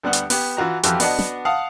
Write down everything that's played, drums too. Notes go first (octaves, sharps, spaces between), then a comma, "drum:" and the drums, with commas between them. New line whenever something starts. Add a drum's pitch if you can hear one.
D2 G3 B3 F#5
drum: hi-hat
B3 G4, drum: open hi-hat
E3 F4 F#4 A#5
F2 E3 F#4 G4 A5 F6, drum: hi-hat
B3 D4 F#4 D#5 F#5 A5, drum: open hi-hat
drum: snare
F5 F#5 A5 D#6